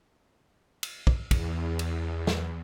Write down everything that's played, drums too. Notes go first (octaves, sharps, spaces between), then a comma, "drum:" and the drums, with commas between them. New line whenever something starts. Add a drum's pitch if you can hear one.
drum: cymbal
drum: kick
E2, drum: kick, cymbal
drum: cymbal
drum: snare